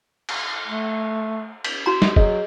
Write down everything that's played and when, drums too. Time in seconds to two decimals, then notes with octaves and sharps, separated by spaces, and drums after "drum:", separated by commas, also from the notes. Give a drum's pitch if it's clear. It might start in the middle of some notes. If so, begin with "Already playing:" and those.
0.29 drum: cymbal
0.68 A3
1.65 drum: cymbal
1.86 F#4 A#5
2.02 G#3, drum: snare
2.16 F#3 G#4 D#5, drum: kick